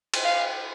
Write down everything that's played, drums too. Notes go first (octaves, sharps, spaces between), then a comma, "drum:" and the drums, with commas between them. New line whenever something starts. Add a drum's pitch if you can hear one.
drum: cymbal
F5